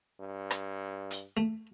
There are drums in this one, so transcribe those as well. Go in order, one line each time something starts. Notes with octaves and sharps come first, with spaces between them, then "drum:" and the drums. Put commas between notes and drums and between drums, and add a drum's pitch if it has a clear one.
G2
drum: rim click
drum: hi-hat
A3